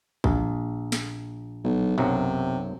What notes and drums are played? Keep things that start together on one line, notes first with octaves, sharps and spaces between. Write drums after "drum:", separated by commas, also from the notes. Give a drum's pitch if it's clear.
A#1, drum: kick A1
drum: snare
B1
B1 F#2 C3 F#3